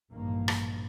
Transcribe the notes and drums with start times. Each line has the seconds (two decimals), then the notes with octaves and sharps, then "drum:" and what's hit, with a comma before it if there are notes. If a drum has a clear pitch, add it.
0.12 A1 G2 A#2 D#3 F3 A#3
0.48 drum: rim click